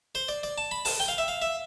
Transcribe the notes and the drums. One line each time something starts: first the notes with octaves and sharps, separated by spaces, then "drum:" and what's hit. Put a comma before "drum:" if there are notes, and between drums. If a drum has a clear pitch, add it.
C5
D5
D5
A5
B5
A5, drum: open hi-hat
G5
F5
E5
F5
E5